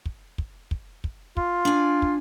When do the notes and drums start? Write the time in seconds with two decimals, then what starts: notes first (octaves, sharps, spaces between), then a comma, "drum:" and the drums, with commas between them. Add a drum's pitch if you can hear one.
0.06 drum: kick
0.38 drum: kick
0.71 drum: kick
1.04 drum: kick
1.37 F4, drum: kick
1.65 D4 G#5
2.02 drum: kick